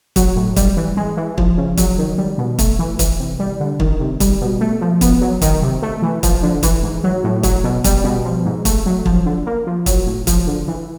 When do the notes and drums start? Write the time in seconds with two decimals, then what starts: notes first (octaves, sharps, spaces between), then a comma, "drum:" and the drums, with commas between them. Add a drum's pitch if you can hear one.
0.16 F#3, drum: kick, hi-hat
0.36 A2
0.56 G3, drum: kick, hi-hat
0.77 E3
0.97 G#3
1.17 E3
1.38 F3, drum: kick
1.58 C#3
1.77 F#3, drum: kick, hi-hat
1.98 D#3
2.18 G3
2.38 B2
2.59 A3, drum: kick, hi-hat
2.79 E3
2.99 E3, drum: kick, hi-hat
3.20 C3
3.39 G3
3.60 D3
3.80 D#3, drum: kick
4.00 C3
4.20 G3, drum: kick, hi-hat
4.41 B2
4.61 A3
4.81 F3
5.01 B3, drum: kick, hi-hat
5.21 F#3
5.42 D#3, drum: kick, hi-hat
5.62 C3
5.82 A3
6.02 E3
6.23 F3, drum: kick, hi-hat
6.43 D3
6.63 E3, drum: kick, hi-hat
6.83 G#2
7.04 F#3
7.24 A2
7.43 F#3, drum: kick, hi-hat
7.64 B2
7.84 G3, drum: kick, hi-hat
8.04 B2
8.25 F3
8.45 G#2
8.65 A3, drum: kick, hi-hat
8.86 F#3
9.06 F3, drum: kick
9.26 D3
9.46 A#3
9.67 F3
9.86 F#3, drum: kick, hi-hat
10.07 A2
10.27 F3, drum: kick, hi-hat
10.47 D3
10.68 E3